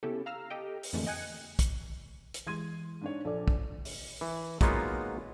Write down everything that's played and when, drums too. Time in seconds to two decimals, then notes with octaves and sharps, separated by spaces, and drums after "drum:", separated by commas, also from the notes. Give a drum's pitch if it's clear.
0.03 C#3 B3 C#4 E4 G4 A4
0.26 F5 A#5 E6 F6
0.50 G4 A4 D#5 G5
0.83 drum: open hi-hat
0.93 F2 A#2 D3 E3 G#3 A3
1.06 D#5 G5 G#5 F#6 C#7
1.59 drum: kick, hi-hat
2.34 drum: hi-hat
2.47 E3 G#3 C6 G#6 D#7
3.01 G#2 D4 C#5
3.25 A#1 D4 A4 D5
3.48 drum: kick
3.85 drum: open hi-hat
4.21 E3
4.61 F#3 G#3 A#3 B3 D#4 F4, drum: kick, hi-hat